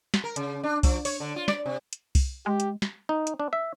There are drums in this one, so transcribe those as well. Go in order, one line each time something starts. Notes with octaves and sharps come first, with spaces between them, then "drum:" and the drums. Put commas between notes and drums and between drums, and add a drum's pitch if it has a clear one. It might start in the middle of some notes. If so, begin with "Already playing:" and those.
drum: snare
A#4
C#3, drum: hi-hat
D4
F3, drum: kick C2, open hi-hat
C#5, drum: open hi-hat
D3
F4
D5, drum: snare
C3
drum: hi-hat
drum: kick C2, open hi-hat
G#3 G4
drum: hi-hat
drum: snare
D#4
drum: hi-hat
D4
E5